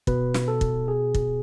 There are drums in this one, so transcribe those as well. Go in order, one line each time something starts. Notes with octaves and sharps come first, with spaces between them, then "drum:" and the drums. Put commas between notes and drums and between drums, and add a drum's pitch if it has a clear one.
B2 B4, drum: kick
drum: snare
A4
drum: kick
G#4
drum: kick